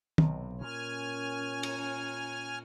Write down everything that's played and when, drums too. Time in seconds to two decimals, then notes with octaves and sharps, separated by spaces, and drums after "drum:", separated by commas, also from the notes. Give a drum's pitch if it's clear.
0.18 B1 C3, drum: tom
0.61 A#2 C#4 G#5 F6
1.63 drum: cymbal